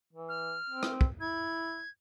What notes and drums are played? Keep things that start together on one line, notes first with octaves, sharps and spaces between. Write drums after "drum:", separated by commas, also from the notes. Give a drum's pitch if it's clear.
E3
F6
C4
drum: rim click
drum: kick
E4 G#6